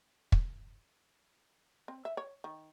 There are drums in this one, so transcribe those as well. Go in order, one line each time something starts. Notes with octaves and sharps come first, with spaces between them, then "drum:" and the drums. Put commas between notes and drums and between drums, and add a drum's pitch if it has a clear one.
drum: kick
C4
E5
C#5
D#3